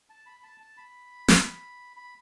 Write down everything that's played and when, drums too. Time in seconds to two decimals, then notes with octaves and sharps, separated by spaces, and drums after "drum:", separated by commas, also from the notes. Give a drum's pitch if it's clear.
0.10 A5
0.26 B5
0.43 A5
0.60 A5
0.77 B5
1.28 drum: snare
1.96 B5